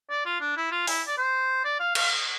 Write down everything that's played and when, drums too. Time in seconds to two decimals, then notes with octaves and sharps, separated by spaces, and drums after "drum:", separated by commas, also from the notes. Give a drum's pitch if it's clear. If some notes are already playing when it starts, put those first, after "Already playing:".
0.10 D5
0.26 F4
0.41 D4
0.57 E4
0.71 F4
0.87 E4, drum: open hi-hat
1.07 D5
1.18 C5
1.64 D5
1.80 F5
1.95 F5, drum: cymbal